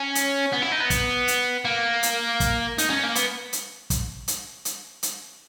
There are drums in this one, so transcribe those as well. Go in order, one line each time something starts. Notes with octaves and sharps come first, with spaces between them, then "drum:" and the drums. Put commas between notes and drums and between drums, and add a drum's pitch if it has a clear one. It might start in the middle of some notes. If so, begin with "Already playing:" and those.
Already playing: C#4
drum: hi-hat
B3
E4
D#4
B3
drum: kick, hi-hat
drum: hi-hat
A#3
drum: hi-hat
drum: kick, hi-hat
D#4, drum: hi-hat
C#4
A#3
B3, drum: hi-hat
drum: hi-hat
drum: kick, hi-hat
drum: hi-hat
drum: hi-hat
drum: hi-hat